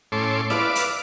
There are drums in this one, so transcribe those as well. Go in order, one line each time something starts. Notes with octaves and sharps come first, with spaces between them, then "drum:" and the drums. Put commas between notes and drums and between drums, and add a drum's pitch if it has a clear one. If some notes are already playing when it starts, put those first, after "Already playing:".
A2 C#4 A4 C6 D6
B4 D5 E5 F5 D6, drum: snare E4
drum: hi-hat